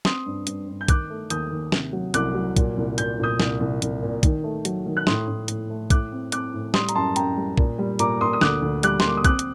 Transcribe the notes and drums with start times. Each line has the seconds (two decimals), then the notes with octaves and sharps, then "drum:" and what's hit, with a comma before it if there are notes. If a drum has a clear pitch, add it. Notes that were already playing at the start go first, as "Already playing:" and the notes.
0.05 C4 C6 D#6, drum: snare
0.26 G2
0.47 G2, drum: hi-hat
0.68 G2
0.81 G6
0.88 D#3 D6 F#6, drum: kick, hi-hat
1.10 A3
1.30 D#2 D#6 G6, drum: hi-hat
1.52 D#2
1.72 C3, drum: snare
1.93 F#3
2.14 C2 D6 F#6, drum: hi-hat
2.35 F#3
2.56 A#2, drum: kick, hi-hat
2.77 C2
2.98 A#2 G6, drum: hi-hat
3.19 A#2 D#6 G6
3.40 C2, drum: snare
3.60 C2
3.82 C2, drum: hi-hat
4.02 A#2
4.23 D#3, drum: kick, hi-hat
4.44 A3
4.65 F#3, drum: hi-hat
4.86 D#3
4.97 F#6
5.07 A2 C6 D#6, drum: snare
5.28 A2
5.48 A2, drum: hi-hat
5.70 A3
5.90 A2 D6 F#6, drum: kick, hi-hat
6.12 C4
6.32 C4 D6 F#6, drum: hi-hat
6.54 A2
6.74 G3 C6 D#6, drum: snare
6.89 A#5, drum: hi-hat
6.95 F#2 A5 C6
7.16 F#2 G5 A#5, drum: hi-hat
7.37 G3
7.58 A#2, drum: kick
7.78 G3
7.99 A#2 A#5 D6, drum: hi-hat
8.21 A#2 C6 D#6
8.33 D#6
8.41 D2 D6 F#6, drum: snare
8.62 D2
8.83 G3 D6 F#6, drum: hi-hat
9.00 C6, drum: snare
9.04 A#3 D6
9.17 D#6
9.24 C4 D6 F#6, drum: kick, hi-hat
9.39 drum: hi-hat